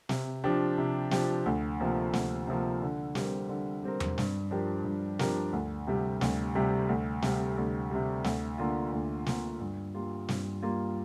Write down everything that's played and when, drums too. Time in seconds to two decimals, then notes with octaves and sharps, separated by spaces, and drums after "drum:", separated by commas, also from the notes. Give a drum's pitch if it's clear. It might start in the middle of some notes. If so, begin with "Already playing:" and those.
0.09 C3, drum: snare
0.44 F3 D4 G4
0.78 C3
1.11 F3 D4 G4, drum: snare
1.46 D2
1.80 C3 F3 A#3
2.13 D2, drum: snare
2.47 C3 F3 A#3
2.82 D3
3.15 G3 C4 A#4, drum: snare
3.49 D3
3.83 G3 C4 A#4
4.00 drum: tom E2
4.18 G2, drum: snare
4.51 F3 D4 G4 A#4
4.85 G2
5.19 F3 D4 G4 A#4, drum: snare
5.53 D2
5.87 C3 G3
6.21 D2, drum: snare
6.55 C3 G3
6.89 D2
7.22 C3 G3, drum: snare
7.57 D2
7.91 C3 G3
8.24 D2, drum: snare
8.58 D3 A#3 F4
8.92 D2
9.26 D3 A#3 F4, drum: snare
9.60 G2
9.94 G3 A#3 F4
10.29 G2, drum: snare
10.63 G3 A#3 F4